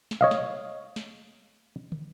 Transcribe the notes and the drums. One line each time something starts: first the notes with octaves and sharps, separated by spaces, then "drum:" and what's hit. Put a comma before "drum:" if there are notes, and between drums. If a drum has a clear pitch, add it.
drum: snare
C#5 D#5 F5
drum: snare
drum: snare
drum: tom